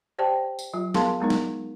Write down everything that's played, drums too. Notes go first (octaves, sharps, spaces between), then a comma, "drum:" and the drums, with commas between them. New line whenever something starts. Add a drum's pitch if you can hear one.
G4 C5 D5 G5 A5
drum: tambourine
F#3 F4
B3 G#4 A#4 F5 A5 C6, drum: snare
G#3 B3 D#4 A#4
drum: snare